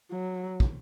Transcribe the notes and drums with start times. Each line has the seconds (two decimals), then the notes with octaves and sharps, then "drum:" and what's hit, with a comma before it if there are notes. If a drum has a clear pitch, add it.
0.11 F#3
0.60 drum: kick